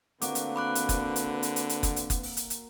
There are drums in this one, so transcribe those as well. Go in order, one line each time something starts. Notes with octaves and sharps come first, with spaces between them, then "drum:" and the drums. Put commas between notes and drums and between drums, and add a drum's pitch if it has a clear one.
D3 A#3 C4 F#4 B4 D6, drum: hi-hat
drum: hi-hat
B5 D6 F#6
drum: hi-hat
drum: kick F#1, hi-hat
drum: hi-hat
drum: hi-hat
drum: hi-hat
drum: hi-hat
drum: kick F#1, hi-hat
drum: hi-hat
drum: kick F#1, hi-hat
drum: open hi-hat
drum: hi-hat
drum: hi-hat